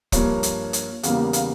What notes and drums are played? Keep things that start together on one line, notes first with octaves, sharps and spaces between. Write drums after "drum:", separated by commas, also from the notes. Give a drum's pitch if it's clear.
G2 F3 A#3 C#5, drum: kick, hi-hat
drum: hi-hat
drum: hi-hat
E2 C#3 G3 A#3 F5, drum: hi-hat
F5, drum: hi-hat